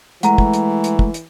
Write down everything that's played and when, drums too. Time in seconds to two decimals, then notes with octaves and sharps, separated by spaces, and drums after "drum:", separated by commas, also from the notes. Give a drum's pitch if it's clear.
0.23 E3 G#3 A3 F#5 A#5, drum: hi-hat
0.38 drum: kick
0.54 drum: hi-hat
0.84 drum: hi-hat
0.99 drum: kick
1.14 drum: hi-hat